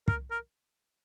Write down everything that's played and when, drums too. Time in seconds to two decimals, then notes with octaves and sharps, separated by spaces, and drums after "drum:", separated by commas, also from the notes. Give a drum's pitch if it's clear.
0.08 A#4, drum: kick
0.31 A#4